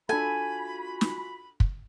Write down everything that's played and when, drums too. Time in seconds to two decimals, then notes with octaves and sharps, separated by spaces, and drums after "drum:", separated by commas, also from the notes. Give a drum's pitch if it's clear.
0.09 D4 F4 F#4 A4 G#5 B5
1.01 drum: snare
1.60 drum: kick